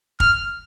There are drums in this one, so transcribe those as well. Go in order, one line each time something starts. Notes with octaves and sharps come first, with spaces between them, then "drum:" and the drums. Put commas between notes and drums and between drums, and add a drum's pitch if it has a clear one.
F6, drum: kick